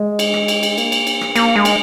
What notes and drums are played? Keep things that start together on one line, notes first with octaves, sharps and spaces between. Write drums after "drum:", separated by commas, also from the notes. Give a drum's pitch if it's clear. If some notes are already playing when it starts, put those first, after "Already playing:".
Already playing: G#3
drum: cymbal
drum: rim click
drum: cymbal
drum: cymbal
A#3, drum: cymbal
drum: cymbal
drum: cymbal
drum: rim click
A#3, drum: cymbal
G#3
drum: cymbal